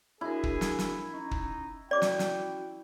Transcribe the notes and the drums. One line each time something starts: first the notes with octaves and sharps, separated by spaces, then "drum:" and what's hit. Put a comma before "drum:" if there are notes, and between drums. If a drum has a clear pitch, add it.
D4 E4 F#4 G#4 A#4
drum: kick
drum: snare
drum: snare
C#4 D#4
drum: kick
C#4 F#4 D5 G5 D6
drum: snare
drum: snare